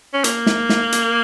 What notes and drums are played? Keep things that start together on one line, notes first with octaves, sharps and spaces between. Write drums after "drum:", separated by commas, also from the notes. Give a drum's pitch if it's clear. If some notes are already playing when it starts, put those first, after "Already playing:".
C#4
A#3, drum: hi-hat
drum: snare
drum: snare
drum: hi-hat